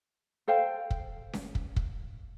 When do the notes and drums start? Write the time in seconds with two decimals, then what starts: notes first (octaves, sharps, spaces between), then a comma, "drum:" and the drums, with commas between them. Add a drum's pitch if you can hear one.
0.48 A4 C5 F5 G5
0.90 drum: kick
1.33 drum: snare C#4
1.55 drum: kick
1.76 drum: kick